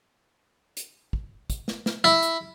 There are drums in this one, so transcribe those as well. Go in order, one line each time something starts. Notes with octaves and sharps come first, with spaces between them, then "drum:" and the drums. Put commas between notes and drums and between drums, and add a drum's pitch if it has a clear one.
drum: hi-hat
drum: kick
drum: kick, hi-hat
drum: snare
drum: snare
E4
drum: hi-hat